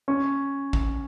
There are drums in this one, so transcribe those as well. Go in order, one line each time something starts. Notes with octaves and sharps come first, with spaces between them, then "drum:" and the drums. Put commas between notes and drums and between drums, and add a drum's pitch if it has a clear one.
C#4
drum: kick A1